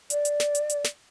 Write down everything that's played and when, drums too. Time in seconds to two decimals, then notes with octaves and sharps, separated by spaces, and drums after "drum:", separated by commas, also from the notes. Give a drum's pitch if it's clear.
0.10 D5, drum: hi-hat
0.25 drum: hi-hat
0.40 drum: snare
0.55 drum: hi-hat
0.70 drum: hi-hat
0.84 drum: snare